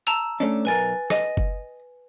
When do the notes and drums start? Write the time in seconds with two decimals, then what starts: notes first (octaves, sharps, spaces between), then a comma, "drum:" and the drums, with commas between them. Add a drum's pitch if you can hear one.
0.07 A5 A#5 E6, drum: hi-hat
0.40 A3 C#4 D4
0.65 B1 A#4 B4 G#5 A6
1.10 D#5, drum: rim click
1.37 drum: kick F#1